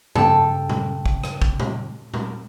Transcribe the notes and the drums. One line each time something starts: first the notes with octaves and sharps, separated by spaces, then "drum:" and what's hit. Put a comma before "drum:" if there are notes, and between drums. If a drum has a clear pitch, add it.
G2 C#3 A4 G5, drum: tom G2
drum: tom
drum: kick
drum: rim click
drum: kick
drum: tom
drum: tom